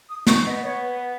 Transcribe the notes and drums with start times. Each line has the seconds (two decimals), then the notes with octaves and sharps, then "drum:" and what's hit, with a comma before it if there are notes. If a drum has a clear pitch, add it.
0.09 D#6
0.27 D#4 C#6, drum: snare
0.46 B3 D#5
0.63 B3 C#5
0.82 B4